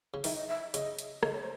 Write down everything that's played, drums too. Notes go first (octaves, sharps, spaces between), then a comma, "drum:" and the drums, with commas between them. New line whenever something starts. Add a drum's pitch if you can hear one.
C#3
D#3 E5, drum: open hi-hat
D#5
E5
C#3 D#5, drum: hi-hat
drum: hi-hat
C#3 D#5, drum: rim click
C#5
C5